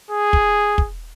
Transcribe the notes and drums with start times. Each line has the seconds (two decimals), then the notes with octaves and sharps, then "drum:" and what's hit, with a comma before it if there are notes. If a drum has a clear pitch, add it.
0.11 G#4
0.33 drum: kick
0.78 drum: kick